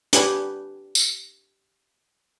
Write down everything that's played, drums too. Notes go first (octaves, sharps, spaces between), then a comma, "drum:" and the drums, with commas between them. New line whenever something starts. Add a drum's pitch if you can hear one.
D4 G4 B4 G#5, drum: hi-hat
drum: tambourine